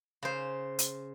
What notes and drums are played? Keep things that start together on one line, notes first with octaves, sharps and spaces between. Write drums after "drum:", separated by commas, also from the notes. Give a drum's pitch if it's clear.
C#3 C5
drum: hi-hat